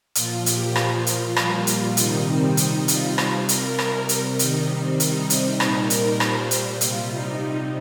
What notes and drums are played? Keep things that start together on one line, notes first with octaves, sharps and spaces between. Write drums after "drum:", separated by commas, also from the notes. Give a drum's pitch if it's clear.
A#2 F3 F4, drum: hi-hat
G4, drum: hi-hat
A#2 F3 F4, drum: rim click
F4, drum: hi-hat
A#2 G3 F4, drum: rim click
drum: hi-hat
C3 D#3 G3 D#4, drum: hi-hat
C4
C3 G3 D#4, drum: hi-hat
F4, drum: hi-hat
C3 G3 F4, drum: rim click
A#4, drum: hi-hat
C3 G3, drum: rim click
drum: hi-hat
C3 D#3 G3 D#4, drum: hi-hat
C4
C3 G3 D#4, drum: hi-hat
C4, drum: hi-hat
A#2 G3 D#4, drum: rim click
A#4, drum: hi-hat
A#2 G3 C5, drum: rim click
drum: hi-hat
C3 G3 F4, drum: hi-hat
D#4
C3 G3